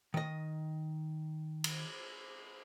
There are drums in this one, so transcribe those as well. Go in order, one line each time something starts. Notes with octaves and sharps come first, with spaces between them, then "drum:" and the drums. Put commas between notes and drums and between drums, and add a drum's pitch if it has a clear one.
D#3 D#5
drum: cymbal